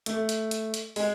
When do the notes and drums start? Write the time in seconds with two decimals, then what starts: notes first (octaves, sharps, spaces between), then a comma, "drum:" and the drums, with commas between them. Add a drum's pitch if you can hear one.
0.06 A3, drum: hi-hat
0.29 drum: hi-hat
0.51 drum: hi-hat
0.74 drum: hi-hat
0.96 G#3, drum: open hi-hat